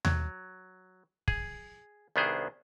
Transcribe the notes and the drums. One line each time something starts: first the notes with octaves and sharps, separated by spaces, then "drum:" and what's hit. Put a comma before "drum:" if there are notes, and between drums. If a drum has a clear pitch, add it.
F#3, drum: tom D#2
G#4, drum: kick
C2 D#3 B3 D4 G#4 C5